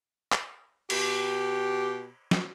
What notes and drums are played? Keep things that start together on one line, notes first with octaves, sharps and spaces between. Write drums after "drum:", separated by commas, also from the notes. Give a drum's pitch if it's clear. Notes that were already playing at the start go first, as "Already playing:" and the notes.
drum: clap
B2 G4, drum: cymbal
drum: snare